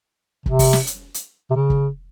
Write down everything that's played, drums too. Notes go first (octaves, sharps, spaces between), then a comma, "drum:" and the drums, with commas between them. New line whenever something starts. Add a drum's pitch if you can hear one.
C3, drum: kick
drum: kick, open hi-hat
drum: snare
drum: hi-hat
drum: hi-hat
C3
C#3
drum: kick